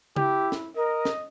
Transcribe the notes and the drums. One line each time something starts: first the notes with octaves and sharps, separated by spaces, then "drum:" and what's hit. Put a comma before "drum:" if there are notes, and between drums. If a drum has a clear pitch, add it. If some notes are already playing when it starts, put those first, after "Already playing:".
E4 G4, drum: tom
drum: snare
A#4 D#5
drum: snare